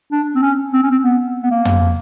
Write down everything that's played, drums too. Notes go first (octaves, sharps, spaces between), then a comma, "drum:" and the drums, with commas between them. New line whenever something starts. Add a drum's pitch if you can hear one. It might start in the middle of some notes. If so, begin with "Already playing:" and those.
D4
C4
C#4
C4
C#4
C4
B3
B3
A#3
drum: tom